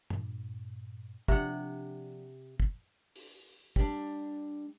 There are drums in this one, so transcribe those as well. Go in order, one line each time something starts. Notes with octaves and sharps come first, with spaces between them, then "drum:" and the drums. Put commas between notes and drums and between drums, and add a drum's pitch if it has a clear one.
G2 A#2, drum: tom
C3 F3 D4 F#5, drum: kick
drum: kick
drum: open hi-hat
G3 D4, drum: kick